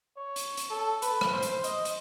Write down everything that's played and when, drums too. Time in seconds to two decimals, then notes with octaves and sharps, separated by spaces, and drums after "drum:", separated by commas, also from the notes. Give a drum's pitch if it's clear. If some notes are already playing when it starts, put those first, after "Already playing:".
0.17 C#5
0.36 drum: hi-hat
0.57 drum: hi-hat
0.70 A4
1.02 B4, drum: hi-hat
1.21 drum: rim click
1.33 C5
1.43 drum: hi-hat
1.64 D#5, drum: hi-hat
1.85 drum: hi-hat